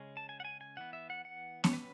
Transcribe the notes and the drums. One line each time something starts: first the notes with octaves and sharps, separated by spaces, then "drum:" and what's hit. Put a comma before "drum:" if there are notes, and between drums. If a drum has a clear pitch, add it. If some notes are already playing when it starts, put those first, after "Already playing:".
Already playing: C#3 G#3 C#4
A5
G#5
F#5
G#5
G#5
E3 B3 F#5
E5
F#5
F#5
C#5, drum: snare B3
F#3 C#4 B4